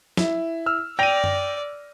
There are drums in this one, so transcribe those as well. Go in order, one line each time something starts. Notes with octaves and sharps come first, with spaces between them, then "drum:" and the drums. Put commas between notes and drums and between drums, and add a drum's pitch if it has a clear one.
E4, drum: snare
E6 F6
D5 G5 A#6 D#7 F7
drum: tom F#2